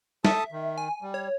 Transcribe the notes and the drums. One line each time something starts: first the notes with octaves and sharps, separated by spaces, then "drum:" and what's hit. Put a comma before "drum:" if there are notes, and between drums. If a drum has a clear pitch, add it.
A4 E5 A5 D#6, drum: snare
D#3
G#5
G3
C#5